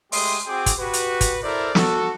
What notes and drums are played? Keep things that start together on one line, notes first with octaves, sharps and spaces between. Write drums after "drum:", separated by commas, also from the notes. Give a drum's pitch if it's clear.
G#3 A3 G4 C6 D#6, drum: open hi-hat
C4 F#4 G#4 G5 D6
drum: kick, hi-hat
F#4 G4 B4
drum: hi-hat
drum: kick, hi-hat
E4 A4 A#4 C5 D5
F#4 A4, drum: snare